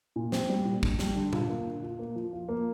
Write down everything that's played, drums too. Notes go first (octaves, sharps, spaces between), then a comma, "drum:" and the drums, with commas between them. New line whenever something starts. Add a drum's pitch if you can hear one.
A#2
C4, drum: snare
G3
A#2
D4, drum: kick
G3, drum: snare
D3
F4, drum: tom A#2
A#3
D3
F4
A#3
F3
F4
A#3